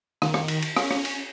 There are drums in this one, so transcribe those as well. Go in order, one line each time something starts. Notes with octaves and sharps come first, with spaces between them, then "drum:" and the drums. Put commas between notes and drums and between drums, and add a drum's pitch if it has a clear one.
D#3, drum: rim click
drum: rim click
drum: cymbal
drum: cymbal
C#4, drum: rim click
drum: rim click
drum: cymbal